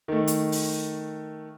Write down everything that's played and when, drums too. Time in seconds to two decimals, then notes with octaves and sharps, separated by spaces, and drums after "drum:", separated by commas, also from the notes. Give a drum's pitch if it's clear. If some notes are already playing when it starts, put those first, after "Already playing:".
0.08 D#3 A3
0.27 drum: hi-hat
0.52 drum: open hi-hat